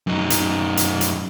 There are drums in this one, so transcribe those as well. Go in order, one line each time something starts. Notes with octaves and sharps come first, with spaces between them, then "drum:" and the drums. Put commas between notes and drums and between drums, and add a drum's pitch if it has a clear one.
F#2 D#4
drum: hi-hat
drum: hi-hat
drum: hi-hat